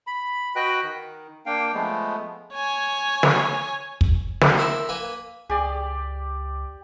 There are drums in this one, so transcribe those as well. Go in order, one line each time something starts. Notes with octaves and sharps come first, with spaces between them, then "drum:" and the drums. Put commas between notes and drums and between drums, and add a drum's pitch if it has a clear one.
B5
F#4 B4 D#5 G5 F#6
D#3
A#3 D4 F5 G5
F3 G#3 A3 B3
C#5 G#5
drum: snare
drum: kick
drum: snare
E4 A#4 C5 E5
A#3 B4 G#5
C#2 G4 G#4 D5